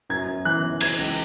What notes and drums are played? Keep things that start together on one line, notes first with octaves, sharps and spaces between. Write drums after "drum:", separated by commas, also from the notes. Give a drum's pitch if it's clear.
F#2 G#6
F#2
E3 F#6
E3
E3 G#6, drum: cymbal
C#2